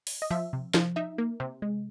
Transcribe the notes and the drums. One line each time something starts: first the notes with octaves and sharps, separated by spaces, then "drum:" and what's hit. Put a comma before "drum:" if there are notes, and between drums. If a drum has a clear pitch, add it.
drum: open hi-hat
D#5
F3 E5
C3
F3, drum: snare
D#4 E5
A#3
C3
G#3